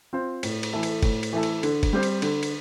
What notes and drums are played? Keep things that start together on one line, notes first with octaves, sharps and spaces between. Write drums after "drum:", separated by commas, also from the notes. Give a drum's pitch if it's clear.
C4 F4 C5
A2, drum: cymbal
drum: cymbal
E3 A3 E4 A4
drum: cymbal
A2, drum: kick, cymbal
drum: cymbal
E3 A3 E4 A4
drum: cymbal
D3, drum: cymbal
drum: kick, cymbal
G3 C4 G4 C5
drum: cymbal
D3, drum: cymbal
drum: cymbal